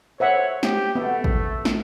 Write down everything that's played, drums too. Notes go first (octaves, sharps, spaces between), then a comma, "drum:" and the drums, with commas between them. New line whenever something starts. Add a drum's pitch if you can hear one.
C5 C#5 E5 F#5
G4, drum: snare
A3 B3
drum: kick
drum: snare